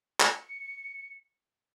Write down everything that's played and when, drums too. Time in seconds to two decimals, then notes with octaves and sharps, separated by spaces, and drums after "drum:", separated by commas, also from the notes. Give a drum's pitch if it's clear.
0.20 C#7, drum: clap